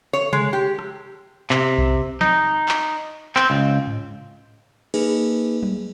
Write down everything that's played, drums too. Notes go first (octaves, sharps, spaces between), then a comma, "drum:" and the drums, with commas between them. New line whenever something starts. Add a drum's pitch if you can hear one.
C#5
G#3, drum: tom C3
G4
drum: rim click
C3, drum: clap
drum: kick B1
D#4, drum: snare
drum: clap
C4, drum: clap
C#2
drum: tom G#2
A#3 D#4 G#4 B4, drum: cymbal
drum: tom F#3